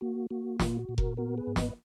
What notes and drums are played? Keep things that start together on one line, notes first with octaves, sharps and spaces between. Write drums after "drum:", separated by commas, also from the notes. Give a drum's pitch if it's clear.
A#3 F#4
A#3 F#4
A#2 F4, drum: snare
F#4
A#2
F#4 A#4, drum: kick F1
B3 F#4 A#4
G#4 B4
G#2
B4 D#5, drum: snare